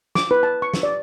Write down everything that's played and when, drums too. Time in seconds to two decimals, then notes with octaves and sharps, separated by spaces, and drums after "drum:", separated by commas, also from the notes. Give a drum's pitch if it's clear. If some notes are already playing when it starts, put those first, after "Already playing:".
0.15 D6, drum: snare
0.31 B4
0.43 A5
0.62 C#6
0.74 drum: snare
0.83 D5